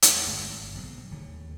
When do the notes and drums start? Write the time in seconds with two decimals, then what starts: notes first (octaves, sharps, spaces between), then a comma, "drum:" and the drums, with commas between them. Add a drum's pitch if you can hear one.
0.02 E2 A2, drum: hi-hat
0.27 G1 D2 G#3
0.48 G#1
0.74 F#1 B1 F2 G#2
1.11 D1 D#2 D3 F#3